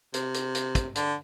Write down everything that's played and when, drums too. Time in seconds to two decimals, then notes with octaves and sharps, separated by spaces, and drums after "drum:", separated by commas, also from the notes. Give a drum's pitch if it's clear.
0.14 C3, drum: hi-hat
0.34 drum: hi-hat
0.55 drum: hi-hat
0.75 drum: kick, hi-hat
0.95 D3, drum: hi-hat